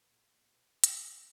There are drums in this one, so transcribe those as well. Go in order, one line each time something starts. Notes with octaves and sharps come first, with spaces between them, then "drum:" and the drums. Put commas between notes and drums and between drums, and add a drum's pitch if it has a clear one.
B2
A#2
B2
drum: hi-hat